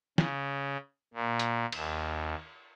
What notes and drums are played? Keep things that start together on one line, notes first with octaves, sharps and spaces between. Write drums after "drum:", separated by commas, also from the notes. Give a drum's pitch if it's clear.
C#3, drum: snare
A#2
drum: hi-hat
D#2, drum: cymbal